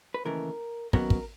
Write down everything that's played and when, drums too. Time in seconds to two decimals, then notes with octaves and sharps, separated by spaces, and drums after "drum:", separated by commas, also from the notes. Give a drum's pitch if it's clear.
0.14 B4
0.25 D#2 C#3 E3 A3 A#4
0.93 D#2 C#3 F#3 B3 A#4, drum: kick
1.10 drum: kick